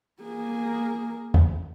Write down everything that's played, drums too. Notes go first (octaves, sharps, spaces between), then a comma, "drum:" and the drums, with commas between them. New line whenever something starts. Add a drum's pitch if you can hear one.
A#3 G#4
drum: tom E2